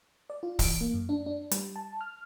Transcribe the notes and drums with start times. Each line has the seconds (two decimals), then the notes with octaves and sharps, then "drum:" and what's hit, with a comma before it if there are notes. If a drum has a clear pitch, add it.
0.30 D5
0.43 F4
0.59 E3, drum: kick C#1, open hi-hat
0.81 A#3
0.94 F#2
1.09 D4
1.26 D4
1.51 G3, drum: hi-hat
1.76 A5
2.01 F6